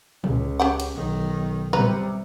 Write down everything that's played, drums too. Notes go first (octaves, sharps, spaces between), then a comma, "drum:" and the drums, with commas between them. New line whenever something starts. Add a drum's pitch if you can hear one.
C#2, drum: tom
C#4 G4 F#5
drum: cymbal
B1 D#3
C3 G3 B4 A#5, drum: tom